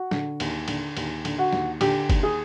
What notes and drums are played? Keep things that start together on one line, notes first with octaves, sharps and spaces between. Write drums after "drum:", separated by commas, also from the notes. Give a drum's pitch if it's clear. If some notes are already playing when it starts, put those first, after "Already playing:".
Already playing: F#4
D3, drum: snare
D#2, drum: cymbal
D3, drum: cymbal
D#2, drum: cymbal
D3, drum: cymbal
F#4
D#2, drum: snare
D3 G4, drum: cymbal
D#2, drum: kick, cymbal
G#4